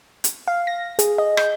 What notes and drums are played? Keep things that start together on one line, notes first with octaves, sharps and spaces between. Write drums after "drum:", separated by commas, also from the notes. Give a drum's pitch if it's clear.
drum: hi-hat
F5
A#6
G#4, drum: hi-hat
D#5
G6, drum: rim click